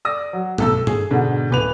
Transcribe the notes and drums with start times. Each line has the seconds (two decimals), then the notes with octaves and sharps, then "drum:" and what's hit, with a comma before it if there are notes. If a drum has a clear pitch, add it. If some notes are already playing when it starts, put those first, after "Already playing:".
0.05 D5 D#6 A#6
0.33 F#3
0.58 B1 A4 E6, drum: tom
0.87 G#4, drum: tom
1.11 G#2 B2 D3
1.51 D1 B4 F7